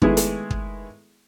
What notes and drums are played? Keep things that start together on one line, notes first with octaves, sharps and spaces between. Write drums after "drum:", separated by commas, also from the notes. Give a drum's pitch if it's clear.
D#3 G#3 A3 B3 E4 G#4, drum: kick
drum: hi-hat
drum: kick